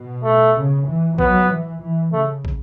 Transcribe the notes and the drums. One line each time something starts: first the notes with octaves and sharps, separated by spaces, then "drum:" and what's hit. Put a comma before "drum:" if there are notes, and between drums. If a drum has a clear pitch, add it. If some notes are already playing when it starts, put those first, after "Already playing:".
Already playing: B2
A3
C#3
E3
F#3 B3, drum: kick
E3
E3
C#3 A3
drum: kick